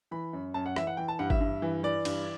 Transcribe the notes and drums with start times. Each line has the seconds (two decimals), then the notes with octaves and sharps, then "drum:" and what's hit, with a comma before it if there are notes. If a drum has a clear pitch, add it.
0.11 E3 B5
0.33 F#2
0.54 F#2 A5
0.66 F#5
0.76 E3 E5, drum: rim click
0.87 F#5
0.97 E3 G5
1.08 A5
1.19 G2 F#5
1.30 E5, drum: kick G#1
1.41 G2
1.62 E3
1.83 E3 D5
2.05 G2, drum: cymbal